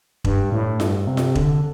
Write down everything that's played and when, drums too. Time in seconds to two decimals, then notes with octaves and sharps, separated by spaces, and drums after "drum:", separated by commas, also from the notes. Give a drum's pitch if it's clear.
0.25 G2, drum: kick E1
0.52 A2
0.80 G2, drum: snare F4
1.07 C3
1.17 drum: snare F4
1.35 D3, drum: kick E1